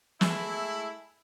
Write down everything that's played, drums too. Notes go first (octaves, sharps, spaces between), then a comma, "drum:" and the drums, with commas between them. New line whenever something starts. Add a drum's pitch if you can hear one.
G#3 A3 E4, drum: snare